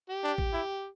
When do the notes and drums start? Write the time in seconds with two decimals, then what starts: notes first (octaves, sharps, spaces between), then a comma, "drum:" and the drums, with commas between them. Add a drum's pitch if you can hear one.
0.09 G4
0.24 D4
0.38 drum: kick A1
0.53 E4